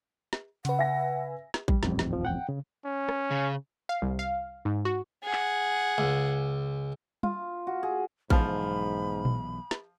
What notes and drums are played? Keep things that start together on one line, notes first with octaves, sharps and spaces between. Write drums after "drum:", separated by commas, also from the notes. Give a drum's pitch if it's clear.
drum: snare
C#3 B4 F#5, drum: hi-hat
E5 G#5 A#6
drum: snare
G3, drum: kick A1
D#1 A1 F2, drum: snare
drum: snare
F3
F#5 G5
C#3
C#4
drum: rim click
C#3
F5
C2
F5
G#2
F#4
G#4 F#5
drum: clap
C#2
F4, drum: tom G3
F#4
G#4
B1 G#2 E3 F3 B3 B5 F6, drum: kick A1
drum: tom A#2
drum: snare